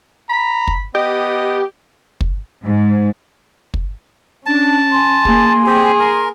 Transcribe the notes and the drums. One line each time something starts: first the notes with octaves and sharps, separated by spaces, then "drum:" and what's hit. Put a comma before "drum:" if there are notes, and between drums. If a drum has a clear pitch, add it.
A#5 B5
drum: kick
B3 G4 D#5
drum: kick
G#2
drum: kick
C#4 D4 A5
G#5 C6
A#3 G#4, drum: kick
C4 G4 G#4
A#4